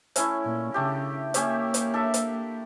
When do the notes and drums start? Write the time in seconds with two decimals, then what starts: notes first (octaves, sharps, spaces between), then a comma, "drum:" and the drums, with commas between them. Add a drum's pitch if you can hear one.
0.16 A3 C#4 E4, drum: hi-hat
0.45 A#2
0.74 C#3 A3 D4 G4
1.34 A#3 C#4 G4 C#5 E5, drum: hi-hat
1.74 drum: hi-hat
1.94 D4 A4 E5
2.14 drum: hi-hat